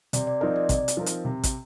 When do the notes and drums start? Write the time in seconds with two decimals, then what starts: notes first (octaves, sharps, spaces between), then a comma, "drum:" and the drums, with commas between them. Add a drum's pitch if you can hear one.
0.13 C3 D5, drum: hi-hat
0.27 D5
0.41 F3 C4 D#4 A#4 D#5
0.56 D5
0.69 C3, drum: kick, hi-hat
0.88 drum: hi-hat
0.97 F3 C4 D#4 A#4
1.06 drum: hi-hat
1.25 C3
1.44 drum: kick, hi-hat